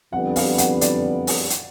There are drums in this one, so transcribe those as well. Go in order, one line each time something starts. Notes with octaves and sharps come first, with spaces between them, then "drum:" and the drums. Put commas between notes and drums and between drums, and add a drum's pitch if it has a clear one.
F2 D3 G3 B3 F#5
F5, drum: open hi-hat
F#5, drum: hi-hat
D5, drum: hi-hat
drum: open hi-hat
drum: hi-hat